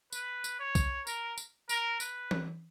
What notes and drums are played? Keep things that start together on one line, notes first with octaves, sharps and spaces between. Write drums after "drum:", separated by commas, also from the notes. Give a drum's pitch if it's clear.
B4, drum: tambourine
drum: tambourine
C#5
drum: kick B1, tambourine
A#4, drum: tambourine
drum: tambourine
A#4, drum: tambourine
B4, drum: tambourine
drum: tom E3